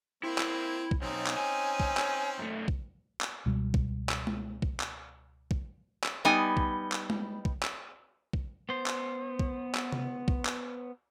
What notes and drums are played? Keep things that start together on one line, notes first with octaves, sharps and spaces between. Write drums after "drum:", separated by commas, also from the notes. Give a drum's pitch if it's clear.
A#3 C4 E4
drum: clap
drum: kick
B1 C4 C#4 D#4
drum: clap
G#5
drum: kick
drum: clap
F#2 A3
drum: kick
drum: clap
C#2 B2 G3
drum: kick
drum: clap
drum: tom
drum: kick
drum: clap
drum: kick
drum: clap
G3 B3 D#4 G#5
drum: kick
drum: clap
drum: tom
drum: kick
drum: clap
drum: kick
B3 C5
drum: clap
drum: kick
drum: clap
drum: tom C3
drum: kick
drum: clap